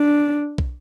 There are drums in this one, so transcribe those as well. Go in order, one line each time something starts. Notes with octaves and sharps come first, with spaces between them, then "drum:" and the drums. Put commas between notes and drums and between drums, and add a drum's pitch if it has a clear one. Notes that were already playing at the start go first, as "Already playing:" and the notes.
Already playing: D4
drum: kick